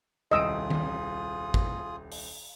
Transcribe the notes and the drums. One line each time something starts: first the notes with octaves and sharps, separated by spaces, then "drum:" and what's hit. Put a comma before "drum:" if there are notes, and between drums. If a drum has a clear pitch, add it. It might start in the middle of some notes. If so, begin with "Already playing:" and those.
D#1 C2 F4 G#4 D#5 D#6 E6 D7
drum: tom D#3
drum: kick
drum: open hi-hat